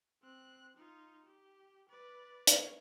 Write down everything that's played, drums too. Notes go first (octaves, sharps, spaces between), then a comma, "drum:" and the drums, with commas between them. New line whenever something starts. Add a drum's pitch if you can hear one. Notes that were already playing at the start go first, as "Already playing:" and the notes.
C4 F#6
D#4 F4
G4
B4 D5
C#5 G#6, drum: hi-hat